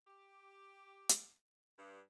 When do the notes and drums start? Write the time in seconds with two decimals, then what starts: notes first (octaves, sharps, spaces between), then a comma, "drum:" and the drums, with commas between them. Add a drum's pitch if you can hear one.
0.08 G4
1.09 drum: hi-hat
1.78 G2